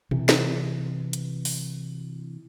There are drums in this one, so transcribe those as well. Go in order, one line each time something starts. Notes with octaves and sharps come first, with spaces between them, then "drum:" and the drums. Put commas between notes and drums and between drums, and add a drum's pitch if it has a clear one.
C3 E3, drum: tom B2
drum: snare
drum: hi-hat
drum: open hi-hat